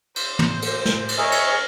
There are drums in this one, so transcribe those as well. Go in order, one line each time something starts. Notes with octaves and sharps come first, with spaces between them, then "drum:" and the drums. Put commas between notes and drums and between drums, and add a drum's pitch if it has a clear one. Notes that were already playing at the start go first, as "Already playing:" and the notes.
C5, drum: cymbal
drum: tom
drum: cymbal
drum: snare
drum: cymbal
G#4 A#4 C#5 D#5 E5
drum: cymbal